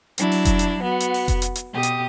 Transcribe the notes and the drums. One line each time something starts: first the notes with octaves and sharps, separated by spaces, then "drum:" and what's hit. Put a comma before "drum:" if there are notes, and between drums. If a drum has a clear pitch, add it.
F#3 D4 E4, drum: hi-hat
drum: open hi-hat
drum: kick F1, hi-hat
drum: hi-hat
B3 F#4
drum: hi-hat
drum: open hi-hat
drum: kick F1, hi-hat
drum: hi-hat
drum: hi-hat
B2 G4 D#6
drum: hi-hat